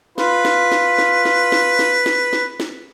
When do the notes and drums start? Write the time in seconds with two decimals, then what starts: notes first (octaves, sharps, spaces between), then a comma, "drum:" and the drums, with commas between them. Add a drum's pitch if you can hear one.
0.18 F4 B4, drum: snare
0.45 drum: snare
0.72 drum: snare
0.98 drum: snare
1.25 drum: snare
1.52 drum: snare
1.79 drum: snare
2.06 drum: snare
2.33 drum: snare
2.60 drum: snare